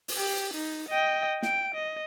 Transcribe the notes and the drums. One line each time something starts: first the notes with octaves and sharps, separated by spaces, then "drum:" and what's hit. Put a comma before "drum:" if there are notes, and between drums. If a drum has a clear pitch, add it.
drum: open hi-hat
G4
D#4
D#5 G5
G5 D7, drum: snare
D#5